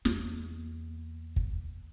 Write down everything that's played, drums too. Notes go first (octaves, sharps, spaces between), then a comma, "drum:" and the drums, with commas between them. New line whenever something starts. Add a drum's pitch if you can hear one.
E2 A#3, drum: snare
drum: kick